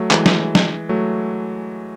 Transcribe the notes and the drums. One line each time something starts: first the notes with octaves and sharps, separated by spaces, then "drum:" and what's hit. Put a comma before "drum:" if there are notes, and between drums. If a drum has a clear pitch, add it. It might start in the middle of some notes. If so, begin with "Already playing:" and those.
Already playing: F#3 A3
E3 G#3, drum: clap
drum: snare
drum: snare
F#3 A3